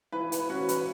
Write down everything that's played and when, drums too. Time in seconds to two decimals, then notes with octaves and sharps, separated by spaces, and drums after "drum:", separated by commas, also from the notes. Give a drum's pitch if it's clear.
0.12 E3 B4
0.32 B4, drum: hi-hat
0.50 C#4 F#4
0.69 B4, drum: hi-hat